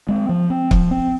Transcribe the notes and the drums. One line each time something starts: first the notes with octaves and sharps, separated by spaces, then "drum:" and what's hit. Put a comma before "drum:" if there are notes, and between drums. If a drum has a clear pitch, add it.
G#3 C4
F3
C4
F3, drum: kick C#1
C4